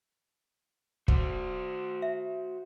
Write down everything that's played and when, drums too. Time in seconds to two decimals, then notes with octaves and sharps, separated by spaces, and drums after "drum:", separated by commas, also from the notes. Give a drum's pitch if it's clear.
1.08 F#4 C5, drum: kick
2.02 E5